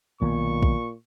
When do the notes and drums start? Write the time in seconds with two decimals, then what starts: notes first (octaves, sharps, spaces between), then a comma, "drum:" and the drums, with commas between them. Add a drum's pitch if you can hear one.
0.21 B1 A#2 D#3 A#3 B3 C#6
0.63 drum: kick